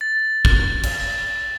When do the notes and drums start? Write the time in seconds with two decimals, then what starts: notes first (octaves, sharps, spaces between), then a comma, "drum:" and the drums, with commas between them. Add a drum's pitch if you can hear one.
0.01 A6
0.45 drum: kick
0.83 drum: cymbal